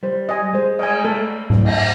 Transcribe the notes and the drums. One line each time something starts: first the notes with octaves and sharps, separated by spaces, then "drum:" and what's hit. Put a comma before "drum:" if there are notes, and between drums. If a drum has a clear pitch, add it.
G3 C5
D#5 G#5
G#3 C5
D#5 G#5, drum: cymbal
A3 A4
drum: tom G#2
drum: cymbal